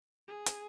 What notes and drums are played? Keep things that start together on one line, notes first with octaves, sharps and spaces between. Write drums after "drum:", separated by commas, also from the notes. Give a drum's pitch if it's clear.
G#4
drum: hi-hat